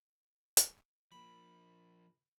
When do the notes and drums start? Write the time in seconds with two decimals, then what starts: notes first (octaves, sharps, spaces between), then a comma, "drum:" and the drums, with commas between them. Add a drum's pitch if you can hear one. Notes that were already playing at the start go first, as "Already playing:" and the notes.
0.57 drum: hi-hat
1.12 F3 A#3 B5